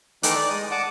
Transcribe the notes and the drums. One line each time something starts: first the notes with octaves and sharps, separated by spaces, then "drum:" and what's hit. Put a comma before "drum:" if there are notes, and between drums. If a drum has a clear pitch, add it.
D#3 E3 A3 D#4 D6 F#6, drum: hi-hat
D5
G#3 D#6
F#5 A5 D6 D#6